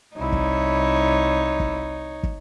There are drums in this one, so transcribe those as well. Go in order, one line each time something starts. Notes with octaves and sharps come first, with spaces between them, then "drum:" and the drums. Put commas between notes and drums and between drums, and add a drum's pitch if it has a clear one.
C2 D#4 E4 C#5
drum: kick
drum: kick
drum: kick